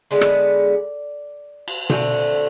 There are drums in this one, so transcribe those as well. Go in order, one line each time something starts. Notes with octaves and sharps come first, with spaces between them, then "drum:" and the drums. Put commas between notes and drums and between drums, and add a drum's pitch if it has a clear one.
D3 G#3 B3 D5
drum: rim click
drum: cymbal
D3 A3 C4, drum: tom B2